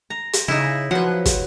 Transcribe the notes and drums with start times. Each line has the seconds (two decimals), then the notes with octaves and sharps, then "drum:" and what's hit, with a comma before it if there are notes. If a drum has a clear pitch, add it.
0.10 A#5
0.33 drum: hi-hat
0.48 C#3 D#4 E4
0.91 F3 F#3 B4 F#5
1.25 drum: kick, hi-hat